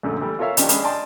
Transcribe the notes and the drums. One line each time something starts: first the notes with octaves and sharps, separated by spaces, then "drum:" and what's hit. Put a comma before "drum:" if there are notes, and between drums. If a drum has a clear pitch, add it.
A#1 F#2 D3 A3
E3 G3 A3
F4 A4 A#4 C#5 E5 F5
D#3 F3 C#4 D4 G4, drum: hi-hat
G#3 C#4 D4 G#4 B5, drum: hi-hat
D5 D#5 G5 A5 C6